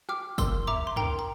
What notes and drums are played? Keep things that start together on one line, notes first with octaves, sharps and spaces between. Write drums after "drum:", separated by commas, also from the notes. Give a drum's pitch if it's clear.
G5 D6 F6, drum: rim click
A#4 C6 E6, drum: kick, tambourine
E5 A#5 D6, drum: tom
C6
A#4 G5 A#5, drum: tom
A#5